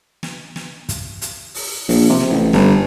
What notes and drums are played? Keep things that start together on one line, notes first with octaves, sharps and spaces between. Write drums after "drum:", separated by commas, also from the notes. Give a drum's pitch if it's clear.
drum: snare
drum: snare
drum: kick, hi-hat
drum: hi-hat
drum: open hi-hat
A#1, drum: open hi-hat
C3
drum: snare
A1
G1, drum: snare